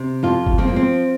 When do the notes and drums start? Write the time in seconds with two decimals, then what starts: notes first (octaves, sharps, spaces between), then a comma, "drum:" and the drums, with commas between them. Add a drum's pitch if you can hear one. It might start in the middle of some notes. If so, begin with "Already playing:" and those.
Already playing: C3
0.23 F2 F4
0.46 drum: kick
0.58 F3 C4
0.68 A#3
0.76 C4